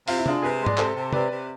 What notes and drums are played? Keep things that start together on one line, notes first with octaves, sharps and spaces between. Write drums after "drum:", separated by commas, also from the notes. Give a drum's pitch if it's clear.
C3 F4, drum: open hi-hat
E4
G#3 D4 F4, drum: tom
C3 G#4 B4
G#3
D5, drum: tom G#2
C3 A4 C5, drum: clap
C3
C3 B4 D5, drum: tom
C3